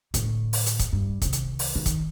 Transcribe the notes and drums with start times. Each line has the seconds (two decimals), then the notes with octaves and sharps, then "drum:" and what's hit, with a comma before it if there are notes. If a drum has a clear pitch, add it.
0.14 A2 D3, drum: kick, hi-hat
0.53 drum: open hi-hat
0.66 drum: hi-hat
0.79 drum: kick, hi-hat
0.93 G2
1.22 C2 D#3, drum: kick, hi-hat
1.33 drum: hi-hat
1.59 drum: open hi-hat
1.75 D#3
1.86 drum: kick, hi-hat